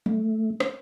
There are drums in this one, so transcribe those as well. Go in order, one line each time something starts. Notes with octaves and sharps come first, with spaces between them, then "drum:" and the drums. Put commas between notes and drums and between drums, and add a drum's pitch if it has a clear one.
A3, drum: tom
drum: rim click